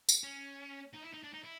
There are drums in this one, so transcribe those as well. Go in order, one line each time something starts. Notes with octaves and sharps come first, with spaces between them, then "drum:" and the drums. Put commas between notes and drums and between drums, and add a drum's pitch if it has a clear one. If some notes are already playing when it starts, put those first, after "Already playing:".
drum: tambourine
C#4
D#4
E4
D#4
D4
D#4
E4